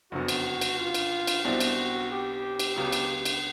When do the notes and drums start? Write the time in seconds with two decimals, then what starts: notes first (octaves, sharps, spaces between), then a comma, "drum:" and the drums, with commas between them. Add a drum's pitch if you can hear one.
0.12 F#1 F2 D3 F#3 B3 F#4
0.28 drum: cymbal
0.61 drum: cymbal
0.77 F4
0.94 drum: cymbal
1.27 drum: cymbal
1.43 B1 B2 G3 C4 E4 F#4
1.60 drum: cymbal
2.10 G4
2.59 drum: cymbal
2.76 C#2 C#3 F#3 B3
2.92 drum: cymbal
3.25 drum: cymbal